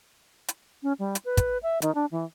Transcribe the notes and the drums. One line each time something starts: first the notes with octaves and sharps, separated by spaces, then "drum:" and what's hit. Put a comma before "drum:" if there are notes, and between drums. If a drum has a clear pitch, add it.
drum: hi-hat
C#4
G3
drum: hi-hat
B4
drum: kick, hi-hat
E5
D#3, drum: hi-hat
D4
E3